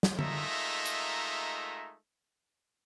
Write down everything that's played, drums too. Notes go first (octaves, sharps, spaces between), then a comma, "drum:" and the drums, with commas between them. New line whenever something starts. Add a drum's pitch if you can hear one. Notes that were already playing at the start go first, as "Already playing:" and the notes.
drum: snare
G#3 A3 D#4 F4 A#4 E5, drum: tom D3
drum: hi-hat